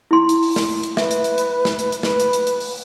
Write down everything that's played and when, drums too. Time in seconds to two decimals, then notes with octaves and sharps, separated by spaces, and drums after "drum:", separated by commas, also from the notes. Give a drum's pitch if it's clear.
0.11 E4 C6
0.29 drum: hi-hat
0.43 drum: open hi-hat
0.56 drum: snare
0.83 drum: hi-hat
0.97 B4 E5, drum: snare
1.11 drum: hi-hat
1.24 drum: hi-hat
1.38 drum: hi-hat
1.65 drum: snare
1.79 drum: hi-hat
1.92 drum: hi-hat
2.03 B4, drum: snare
2.20 drum: hi-hat
2.33 drum: hi-hat
2.47 drum: hi-hat
2.60 drum: open hi-hat